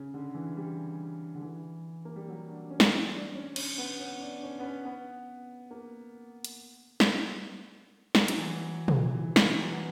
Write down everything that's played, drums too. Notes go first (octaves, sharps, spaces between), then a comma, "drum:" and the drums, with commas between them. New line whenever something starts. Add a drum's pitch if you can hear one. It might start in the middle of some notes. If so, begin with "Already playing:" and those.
Already playing: C#3
D3
E3
G3
D3
E3
A#3
G3
F#3
D4
C#4
drum: snare
D4
C#4
C#4, drum: cymbal
B3
C#4
D4
C#4
B3
C#4
B3
A#3
drum: hi-hat
drum: snare
drum: snare
F#3, drum: hi-hat
E3
F#3
drum: tom
E3
E3, drum: snare
F#3
B3